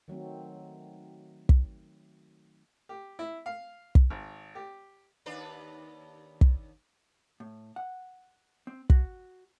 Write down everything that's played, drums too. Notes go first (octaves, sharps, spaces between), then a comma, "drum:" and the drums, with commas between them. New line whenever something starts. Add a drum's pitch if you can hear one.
D#3 F#3 A3 C4
drum: kick
G4
E4
F5
drum: kick
G#1
G4
D#2 D4 B4
drum: kick
A2
F#5
C4
F#4, drum: kick